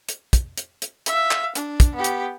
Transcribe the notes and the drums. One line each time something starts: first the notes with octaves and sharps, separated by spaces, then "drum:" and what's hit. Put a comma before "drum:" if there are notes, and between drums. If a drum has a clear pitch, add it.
drum: hi-hat
drum: kick, hi-hat
drum: hi-hat
drum: hi-hat
E5 F5, drum: hi-hat
drum: clap
D4, drum: hi-hat
drum: kick, hi-hat
B3 G4
drum: hi-hat